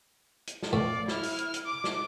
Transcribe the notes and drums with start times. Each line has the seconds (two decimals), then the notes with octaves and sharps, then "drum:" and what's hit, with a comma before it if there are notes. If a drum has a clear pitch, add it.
0.47 drum: hi-hat
0.63 drum: snare
0.73 A2 D5 F5
1.08 E4 F6, drum: snare
1.23 drum: open hi-hat
1.38 drum: hi-hat
1.54 drum: hi-hat
1.66 D6
1.84 drum: snare